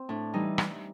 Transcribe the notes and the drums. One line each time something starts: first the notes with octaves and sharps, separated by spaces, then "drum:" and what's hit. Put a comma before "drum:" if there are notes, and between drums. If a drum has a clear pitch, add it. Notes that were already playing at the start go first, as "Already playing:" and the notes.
Already playing: C4
A2 D4
E3 G3 D#4
drum: rim click